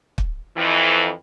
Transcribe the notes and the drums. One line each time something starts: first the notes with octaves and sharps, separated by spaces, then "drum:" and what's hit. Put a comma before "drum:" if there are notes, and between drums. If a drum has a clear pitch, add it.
drum: kick
F2 E3